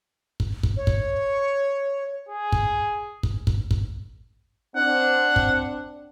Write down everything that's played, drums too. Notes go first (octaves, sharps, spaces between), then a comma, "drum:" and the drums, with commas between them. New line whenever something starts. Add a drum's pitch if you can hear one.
drum: kick
drum: kick
C#5
drum: kick
G#4
drum: kick
drum: kick
drum: kick
drum: kick
C4 D4 F#5
drum: kick